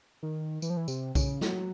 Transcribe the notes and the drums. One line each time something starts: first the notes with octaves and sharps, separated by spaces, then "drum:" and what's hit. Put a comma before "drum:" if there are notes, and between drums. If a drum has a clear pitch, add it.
D#3
E3, drum: tambourine
F3
E3
C3, drum: tambourine
C#3, drum: kick B1, tambourine
F#3, drum: snare